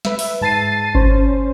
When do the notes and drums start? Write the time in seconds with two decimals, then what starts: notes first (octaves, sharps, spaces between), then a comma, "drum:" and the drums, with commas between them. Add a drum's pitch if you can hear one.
0.05 B4 E5, drum: snare
0.19 drum: open hi-hat
0.41 G#2 A5 A6 C7 D#7
0.95 C#4 C5, drum: kick G1